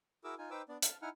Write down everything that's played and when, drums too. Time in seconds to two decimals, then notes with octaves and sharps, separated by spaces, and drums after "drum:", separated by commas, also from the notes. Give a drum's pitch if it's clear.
0.24 E4 F#4 G#4 A#4 D6 E6
0.38 D#4 F4 G#5
0.51 D#4 B4 C5 G5 D6 E6
0.69 B3 D4 D5
0.82 A5 F6, drum: hi-hat
1.02 D#4 E4 F#5 G#5 F6